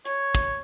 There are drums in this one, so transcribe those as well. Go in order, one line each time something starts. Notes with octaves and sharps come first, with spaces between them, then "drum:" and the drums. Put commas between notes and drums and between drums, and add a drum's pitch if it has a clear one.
C#5, drum: hi-hat
drum: kick, hi-hat